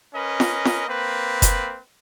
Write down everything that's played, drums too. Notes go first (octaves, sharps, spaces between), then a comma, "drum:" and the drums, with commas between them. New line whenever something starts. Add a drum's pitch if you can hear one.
C#4 A#4 B4 D#5
drum: snare F4
drum: snare F4
A#3 C4 B4
drum: kick F#1, hi-hat